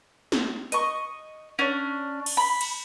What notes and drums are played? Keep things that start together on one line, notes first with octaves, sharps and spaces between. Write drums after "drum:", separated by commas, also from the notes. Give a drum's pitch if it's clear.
drum: snare
D#5 C#6, drum: hi-hat
C#4 D4
drum: cymbal
B5
drum: cymbal